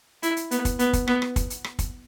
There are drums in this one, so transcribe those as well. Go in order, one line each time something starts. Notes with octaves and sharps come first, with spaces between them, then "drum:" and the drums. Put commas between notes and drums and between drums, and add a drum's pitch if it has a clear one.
E4, drum: hi-hat
drum: hi-hat
B3, drum: hi-hat
drum: kick, hi-hat
B3, drum: hi-hat
drum: kick, hi-hat
B3, drum: rim click
drum: rim click
drum: kick, hi-hat
drum: hi-hat
drum: rim click
drum: kick, hi-hat